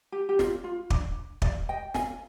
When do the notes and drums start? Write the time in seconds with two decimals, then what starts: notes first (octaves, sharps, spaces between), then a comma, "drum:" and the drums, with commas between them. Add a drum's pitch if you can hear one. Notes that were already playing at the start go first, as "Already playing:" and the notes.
0.12 G4
0.29 G4
0.39 F4, drum: snare
0.64 F4
0.90 D4, drum: kick
1.42 D5 F5, drum: kick
1.69 D#5 G5
1.94 F5 G#5, drum: snare